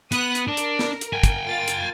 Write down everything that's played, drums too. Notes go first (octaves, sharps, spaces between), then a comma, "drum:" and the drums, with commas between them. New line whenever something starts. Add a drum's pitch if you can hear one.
B3 D#6 F#6, drum: hi-hat
drum: hi-hat
D4 A#4
drum: hi-hat
drum: snare
drum: hi-hat
G5 G#5
drum: kick, hi-hat
A#3 F4 A6
drum: hi-hat